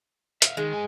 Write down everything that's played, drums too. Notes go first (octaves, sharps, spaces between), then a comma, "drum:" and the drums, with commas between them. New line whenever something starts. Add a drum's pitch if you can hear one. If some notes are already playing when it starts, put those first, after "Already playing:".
E5 F5, drum: hi-hat
D#3 G#3
G#2 G#5